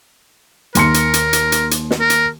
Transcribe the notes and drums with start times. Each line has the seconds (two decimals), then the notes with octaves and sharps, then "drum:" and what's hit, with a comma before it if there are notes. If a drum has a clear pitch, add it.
0.75 D#2 A#4 C6 C#7, drum: hi-hat
0.94 drum: hi-hat
1.14 drum: hi-hat
1.33 drum: hi-hat
1.52 drum: hi-hat
1.71 drum: hi-hat
1.91 drum: snare
2.00 A#4
2.10 drum: hi-hat